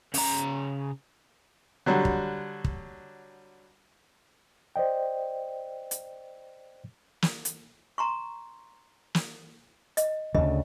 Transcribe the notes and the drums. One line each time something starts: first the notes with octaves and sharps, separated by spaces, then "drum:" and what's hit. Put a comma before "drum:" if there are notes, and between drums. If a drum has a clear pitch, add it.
C#3 A#5, drum: open hi-hat
D3 F#3 G3
drum: kick
drum: kick
C5 D5 D#5 G5
drum: hi-hat
drum: snare
drum: hi-hat
A#5 C6 C#6
drum: snare
D#5, drum: hi-hat
D2 C#3 D#5